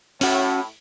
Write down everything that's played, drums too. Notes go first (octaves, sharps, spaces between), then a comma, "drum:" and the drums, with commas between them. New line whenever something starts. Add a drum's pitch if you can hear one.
A2 C#4 F#4, drum: open hi-hat